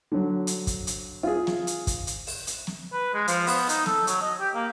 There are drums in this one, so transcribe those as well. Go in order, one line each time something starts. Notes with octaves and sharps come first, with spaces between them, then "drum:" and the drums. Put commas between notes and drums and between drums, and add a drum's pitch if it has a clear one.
D3 F#3
drum: hi-hat
drum: kick, hi-hat
drum: hi-hat
F4 G#4
drum: snare
drum: hi-hat
drum: kick, hi-hat
drum: hi-hat
drum: open hi-hat
drum: hi-hat
drum: snare
B4
G#3
F3, drum: hi-hat
B3, drum: open hi-hat
D#4, drum: hi-hat
A4, drum: snare
F#3, drum: hi-hat
D#5
G4
A#3